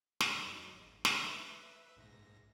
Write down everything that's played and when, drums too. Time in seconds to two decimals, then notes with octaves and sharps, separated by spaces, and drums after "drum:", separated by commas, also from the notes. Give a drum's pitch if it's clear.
0.21 G2 G3, drum: snare
0.47 F2 F#3 D#4
0.73 G#1
1.05 drum: snare
1.24 B4 E5
1.96 A#1 G#2 A#6